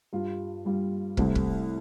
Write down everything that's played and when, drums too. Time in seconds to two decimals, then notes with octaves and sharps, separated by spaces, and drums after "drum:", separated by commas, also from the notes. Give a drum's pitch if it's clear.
0.13 G2 G3 F4
0.65 G2 G3 F4
1.17 C2 C3 A3, drum: kick
1.35 drum: kick